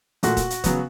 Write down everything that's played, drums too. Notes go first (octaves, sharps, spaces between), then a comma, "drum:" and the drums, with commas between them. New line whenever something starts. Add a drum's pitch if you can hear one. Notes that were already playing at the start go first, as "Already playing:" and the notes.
A#2 F#3 A3 F#4, drum: hi-hat
drum: kick D#1, hi-hat
drum: hi-hat
C#3 F#3 B3, drum: kick D#1, hi-hat